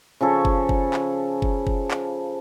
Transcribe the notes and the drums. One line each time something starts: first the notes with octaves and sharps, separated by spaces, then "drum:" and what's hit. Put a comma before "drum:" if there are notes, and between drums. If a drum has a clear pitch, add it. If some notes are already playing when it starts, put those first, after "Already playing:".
C#3 F3 A4 C#5
drum: kick F#1
drum: kick F#1
drum: clap
drum: kick F#1
drum: kick F#1
drum: clap